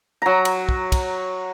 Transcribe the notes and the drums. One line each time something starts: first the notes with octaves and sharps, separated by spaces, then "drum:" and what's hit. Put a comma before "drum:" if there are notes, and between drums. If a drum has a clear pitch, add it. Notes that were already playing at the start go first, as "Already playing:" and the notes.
F#3 A#5
drum: cymbal
drum: kick
drum: kick, cymbal